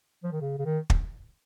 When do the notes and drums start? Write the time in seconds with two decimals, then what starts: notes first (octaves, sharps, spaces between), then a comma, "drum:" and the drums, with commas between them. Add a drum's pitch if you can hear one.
0.23 F3
0.32 D#3
0.41 C#3
0.58 C#3
0.66 D#3
0.90 drum: kick